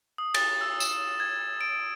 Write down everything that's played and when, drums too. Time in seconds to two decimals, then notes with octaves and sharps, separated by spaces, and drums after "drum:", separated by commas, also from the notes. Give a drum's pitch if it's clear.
0.18 D#6
0.34 A6, drum: cymbal
0.61 E6
0.80 E7, drum: tambourine
1.20 G#6
1.61 D7